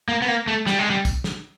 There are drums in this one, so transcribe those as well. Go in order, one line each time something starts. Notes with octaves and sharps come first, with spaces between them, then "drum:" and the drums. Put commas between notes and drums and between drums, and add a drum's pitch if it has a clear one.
A#3
B3
A#3
A3
G3, drum: snare
G#3
G3
drum: kick, tambourine
drum: snare